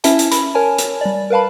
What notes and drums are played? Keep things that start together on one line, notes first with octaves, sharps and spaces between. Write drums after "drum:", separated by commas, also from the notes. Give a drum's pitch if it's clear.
C#4 E4 E5 A5, drum: hi-hat
drum: hi-hat
B5, drum: hi-hat
A#4 C#5 G#5 A5
drum: hi-hat
G3 D5
A#4 B4 F5 A5 B5